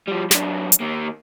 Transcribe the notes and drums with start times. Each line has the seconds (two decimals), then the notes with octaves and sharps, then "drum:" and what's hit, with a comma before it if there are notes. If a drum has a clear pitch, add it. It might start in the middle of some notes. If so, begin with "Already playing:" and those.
0.08 F3 G3
0.31 F#2 D4, drum: snare
0.72 drum: hi-hat
0.81 D#3 A#3